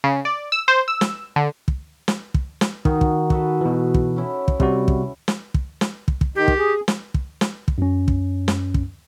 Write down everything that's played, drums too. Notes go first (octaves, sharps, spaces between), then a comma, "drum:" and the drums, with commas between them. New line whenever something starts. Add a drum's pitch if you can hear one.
C#3
D5
E6
C5
E6
drum: snare
D3
drum: kick
drum: snare
drum: kick
drum: snare
D#3 D#4 F#4, drum: kick
drum: kick
F#4 A4 B4, drum: kick
B2 E3
drum: kick
C#4 E4
drum: kick
C3 G3 F#4, drum: kick
drum: kick
drum: snare
drum: kick
drum: snare
drum: kick
drum: kick
D#3 G4
drum: kick
G#4
drum: snare
drum: kick
drum: snare
drum: kick
F#2 C#4
drum: kick
drum: snare
drum: kick